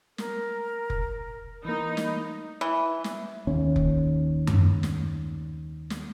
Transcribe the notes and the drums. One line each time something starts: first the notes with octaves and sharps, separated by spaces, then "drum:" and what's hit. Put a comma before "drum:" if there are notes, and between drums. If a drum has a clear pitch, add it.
A#4, drum: snare
drum: kick F1
E3 A#3 D#4 B5
drum: snare
E3
drum: snare
D#2 C#4
drum: kick F1
drum: tom F#2
drum: snare
drum: snare